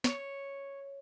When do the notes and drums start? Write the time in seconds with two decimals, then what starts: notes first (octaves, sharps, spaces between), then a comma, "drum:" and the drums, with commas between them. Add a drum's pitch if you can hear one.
0.04 C#5, drum: snare